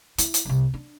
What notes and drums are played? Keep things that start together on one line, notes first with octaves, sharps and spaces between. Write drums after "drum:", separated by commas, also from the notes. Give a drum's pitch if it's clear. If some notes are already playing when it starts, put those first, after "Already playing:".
E4, drum: hi-hat
drum: hi-hat
C2 C3
D4